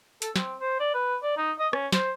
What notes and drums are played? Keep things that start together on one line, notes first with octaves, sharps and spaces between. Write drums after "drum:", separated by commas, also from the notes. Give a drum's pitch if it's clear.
A4, drum: hi-hat
C4, drum: snare
C5
D5
B4
D5
D#4
D#5
C#4, drum: rim click
C5, drum: snare